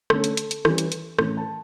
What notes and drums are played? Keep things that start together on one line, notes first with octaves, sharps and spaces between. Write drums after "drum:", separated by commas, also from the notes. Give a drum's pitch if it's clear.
D3 A3 C#4 A4, drum: rim click
drum: hi-hat
drum: hi-hat
drum: hi-hat
E3 G3 C#4, drum: rim click
drum: hi-hat
drum: hi-hat
A2 E3 A3 C#4, drum: rim click
A5